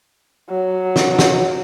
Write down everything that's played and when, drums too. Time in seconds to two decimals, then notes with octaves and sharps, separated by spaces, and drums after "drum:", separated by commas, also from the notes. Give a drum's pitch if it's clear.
0.50 F#3
0.96 drum: snare
1.19 drum: snare